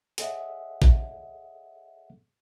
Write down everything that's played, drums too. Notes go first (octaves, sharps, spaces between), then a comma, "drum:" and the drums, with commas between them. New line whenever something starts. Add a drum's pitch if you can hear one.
G#4 A4 C#5 D#5 E5 F#5, drum: hi-hat
drum: kick A1